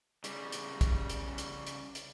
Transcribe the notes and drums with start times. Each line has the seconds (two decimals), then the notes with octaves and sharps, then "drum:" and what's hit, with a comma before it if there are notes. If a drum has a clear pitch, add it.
0.24 C#3 G3, drum: hi-hat
0.52 drum: hi-hat
0.81 drum: kick, hi-hat
1.09 drum: hi-hat
1.38 drum: hi-hat
1.67 drum: hi-hat
1.95 drum: hi-hat